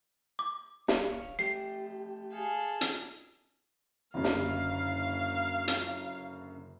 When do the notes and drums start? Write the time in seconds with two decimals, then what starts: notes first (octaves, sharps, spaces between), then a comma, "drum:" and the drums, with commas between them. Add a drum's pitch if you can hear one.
0.39 D6
0.88 C#5 F5, drum: snare
1.39 A3 G4 C7
2.33 G#4 A4 F5
2.81 drum: hi-hat
4.14 F#1 F#2 D3 F5
4.24 drum: snare
5.68 drum: hi-hat